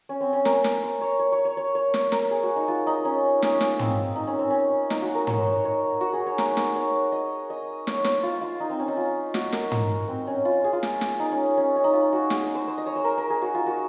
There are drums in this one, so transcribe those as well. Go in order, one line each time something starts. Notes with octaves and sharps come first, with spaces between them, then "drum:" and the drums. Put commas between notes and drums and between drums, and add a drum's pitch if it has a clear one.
C#4
C4
C#4
A#4, drum: snare
drum: snare
C5
C#5
C#5
C#5
C#5
C#5
C#5
C#5, drum: snare
A#4, drum: snare
G#4
F#4
D#4
F4
D#4
C#4
C#4, drum: snare
drum: snare
C4, drum: tom
D#4
C#4
C4
C#4
D#4, drum: snare
F#4
A#4
C#5, drum: tom
C5
C#5
C#5
F#4
G#4
C#5
A#4, drum: snare
drum: snare
C#5
D#5
D#5
C#5, drum: snare
C5, drum: snare
F4
F4
D#4
C4
C#4
D#4
F4
F#4, drum: snare
A#4, drum: snare
drum: tom
C4
C#4
F4
G#4
F4
drum: snare
drum: snare
D#4
C#4
C#4
C#4
D#4
F4
F#4
G#4, drum: snare
D#5
C5
C5
D#5
C#5
C5
A#4
A#4
G#4
F#4
F4
F#4